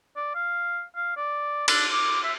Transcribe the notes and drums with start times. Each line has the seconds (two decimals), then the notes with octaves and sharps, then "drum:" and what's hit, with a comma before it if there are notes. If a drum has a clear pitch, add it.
0.16 D5
0.35 F5
0.96 F5
1.17 D5
1.68 D4, drum: cymbal
1.92 D6
2.23 E5